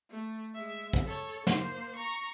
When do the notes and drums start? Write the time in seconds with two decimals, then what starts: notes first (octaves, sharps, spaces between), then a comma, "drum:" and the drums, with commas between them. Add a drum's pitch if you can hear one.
0.10 A3
0.55 G#3 E5
0.93 drum: kick
1.06 A4 C#5
1.47 A#3 C5, drum: snare
1.96 A#5 C#6